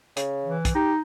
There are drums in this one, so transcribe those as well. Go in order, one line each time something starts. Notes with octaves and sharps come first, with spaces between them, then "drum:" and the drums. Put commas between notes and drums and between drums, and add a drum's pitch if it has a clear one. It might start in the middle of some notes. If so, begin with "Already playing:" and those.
C#3, drum: hi-hat
E3
drum: kick, hi-hat
D#4 G4